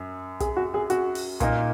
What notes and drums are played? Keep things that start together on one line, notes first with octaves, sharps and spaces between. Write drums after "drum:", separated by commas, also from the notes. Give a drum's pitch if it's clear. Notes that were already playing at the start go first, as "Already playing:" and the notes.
Already playing: F#2
G#4, drum: kick, hi-hat
F#4
G#4
F#4, drum: hi-hat
drum: open hi-hat
A#2 A#3 D#4, drum: kick, hi-hat